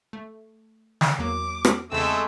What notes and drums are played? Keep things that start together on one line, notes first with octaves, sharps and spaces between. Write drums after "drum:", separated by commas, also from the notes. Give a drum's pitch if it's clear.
A3
drum: snare
E2 F#3 A#3 D6
drum: rim click
E2 C#3 G#3 A3 C4 E6